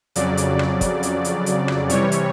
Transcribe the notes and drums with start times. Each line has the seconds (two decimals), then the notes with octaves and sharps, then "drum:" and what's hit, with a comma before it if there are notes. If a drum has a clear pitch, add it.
0.16 F2 C#3 F#3 D5, drum: hi-hat
0.37 drum: hi-hat
0.59 drum: rim click
0.81 drum: kick, hi-hat
1.03 drum: hi-hat
1.25 drum: hi-hat
1.46 drum: hi-hat
1.68 drum: rim click
1.90 C3 E3 G3 C#5, drum: hi-hat
2.12 drum: hi-hat